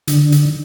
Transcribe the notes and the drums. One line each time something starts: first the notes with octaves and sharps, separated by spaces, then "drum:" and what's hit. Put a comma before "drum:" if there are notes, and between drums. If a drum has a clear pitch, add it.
D3, drum: hi-hat
drum: hi-hat